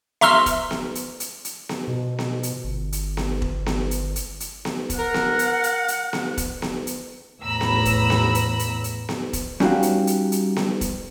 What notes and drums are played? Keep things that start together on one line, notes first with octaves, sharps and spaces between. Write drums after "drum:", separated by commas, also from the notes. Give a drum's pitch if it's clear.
E5 A#5 C6 C#6 E6 F6, drum: snare B3
drum: kick E1, hi-hat
drum: snare B3
drum: hi-hat
drum: hi-hat
drum: hi-hat
drum: snare B3
B2
drum: snare B3
drum: hi-hat
G1
drum: hi-hat
drum: snare B3
drum: kick E1
drum: snare B3
drum: hi-hat
drum: hi-hat
drum: hi-hat
drum: snare B3
drum: kick E1, hi-hat
A#4 F#5
drum: snare B3
drum: hi-hat
drum: hi-hat
drum: hi-hat
drum: snare B3
drum: kick E1, hi-hat
drum: snare B3
drum: hi-hat
E2 A2 A#5 B5 E6
drum: snare B3
drum: kick E1, hi-hat
drum: snare B3
drum: hi-hat
drum: hi-hat
drum: hi-hat
drum: snare B3
drum: kick E1, hi-hat
G3 C#4 D#4 F#4 G4 F5, drum: snare B3
drum: hi-hat
drum: hi-hat
drum: hi-hat
drum: snare B3
drum: kick E1, hi-hat